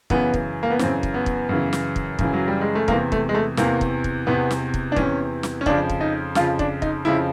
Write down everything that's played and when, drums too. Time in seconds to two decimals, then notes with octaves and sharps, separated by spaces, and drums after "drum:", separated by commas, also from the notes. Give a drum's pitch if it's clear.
0.10 F#2 C#3 E3 B3, drum: kick
0.34 drum: kick
0.63 A#3
0.70 B3
0.79 F#2 C#3 E3 C4, drum: snare
1.03 drum: kick
1.14 B3
1.26 drum: kick
1.49 F#2 C#3 E3
1.73 drum: snare
1.96 drum: kick
2.19 F#2 C#3 E3, drum: kick
2.33 F#3
2.48 G3
2.61 G#3
2.75 A3
2.88 E2 C3 E3 A#3, drum: kick
3.12 A3, drum: kick
3.29 G#3
3.35 A3
3.57 E2 C3 E3 A#3, drum: snare
3.81 drum: kick
4.04 drum: kick
4.27 E2 C3 E3 B3
4.51 drum: snare
4.74 drum: kick
4.92 D4
4.96 E2 C3 E3 C#4, drum: kick
5.43 drum: snare
5.61 C#4
5.66 F2 C#3 F3 D4, drum: kick
5.90 drum: kick
6.01 D#4
6.35 F2 C#3 F3 F4, drum: snare
6.59 D4, drum: kick
6.82 D#4, drum: kick
7.05 F2 C#3 F3 E4